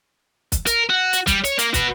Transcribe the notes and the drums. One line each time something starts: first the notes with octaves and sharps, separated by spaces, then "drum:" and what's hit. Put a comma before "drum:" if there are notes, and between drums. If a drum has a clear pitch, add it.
drum: kick, hi-hat
A#4, drum: hi-hat
F#4
drum: hi-hat
G3, drum: kick, hi-hat
C#5, drum: hi-hat
A#3, drum: hi-hat
F#4 B4, drum: kick, hi-hat